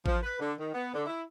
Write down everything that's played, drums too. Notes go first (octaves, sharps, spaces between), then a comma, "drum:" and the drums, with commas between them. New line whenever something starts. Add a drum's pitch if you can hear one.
F3, drum: kick A1
B4
D3
D#3
B3
D3
E4